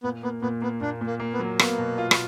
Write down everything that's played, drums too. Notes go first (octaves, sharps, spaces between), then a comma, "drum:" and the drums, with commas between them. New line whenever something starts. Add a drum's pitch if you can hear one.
A#2 B3
A#3 B3
A#2 B3
A#3 B3
A#2 D4
A#2
A#3
A#3
B3
F#3
A#3 B3, drum: rim click
B2
F4
drum: rim click